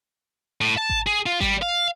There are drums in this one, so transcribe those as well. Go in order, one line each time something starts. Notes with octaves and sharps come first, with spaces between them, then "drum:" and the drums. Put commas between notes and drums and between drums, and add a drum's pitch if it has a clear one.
A2
A5
drum: kick G#1
G#4
F4
G3, drum: kick G#1
F5